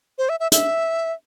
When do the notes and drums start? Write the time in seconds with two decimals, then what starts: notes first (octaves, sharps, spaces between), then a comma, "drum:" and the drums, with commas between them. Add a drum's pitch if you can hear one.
0.18 C5
0.29 E5
0.40 E5
0.52 E5, drum: hi-hat